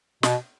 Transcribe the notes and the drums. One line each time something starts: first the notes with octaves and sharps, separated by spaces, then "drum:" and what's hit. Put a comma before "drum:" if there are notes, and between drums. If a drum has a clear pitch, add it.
B2, drum: snare